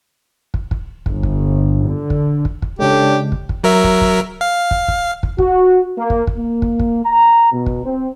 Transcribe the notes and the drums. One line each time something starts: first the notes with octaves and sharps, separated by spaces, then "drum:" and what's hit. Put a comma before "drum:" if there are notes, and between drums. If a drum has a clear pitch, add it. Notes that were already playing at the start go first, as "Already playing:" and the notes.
drum: kick
drum: kick
G1, drum: kick
drum: kick
D3
drum: kick
drum: kick
drum: kick
C#3 G#3 D4 G4 A4 C#5
drum: kick
drum: kick
F#3 A#4 E5
drum: kick
drum: kick
F5
drum: kick
drum: kick
drum: kick
F#4, drum: kick
A#3
drum: kick
drum: kick
A#3
drum: kick
drum: kick
A#5
B2
drum: kick
C4